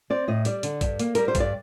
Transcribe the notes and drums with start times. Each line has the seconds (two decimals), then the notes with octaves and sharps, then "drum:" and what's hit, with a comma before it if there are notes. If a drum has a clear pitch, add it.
0.10 C4 D5
0.28 A2 D#5
0.45 G3 D5, drum: hi-hat
0.63 D3, drum: hi-hat
0.81 G2, drum: kick, hi-hat
0.99 A#3, drum: hi-hat
1.15 G3 A#4, drum: hi-hat
1.28 C5
1.35 G2, drum: kick, hi-hat
1.40 D5